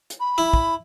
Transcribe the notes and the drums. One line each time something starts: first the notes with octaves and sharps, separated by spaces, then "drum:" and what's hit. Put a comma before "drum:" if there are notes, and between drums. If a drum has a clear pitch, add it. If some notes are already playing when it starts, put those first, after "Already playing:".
drum: hi-hat
B5
E4
drum: kick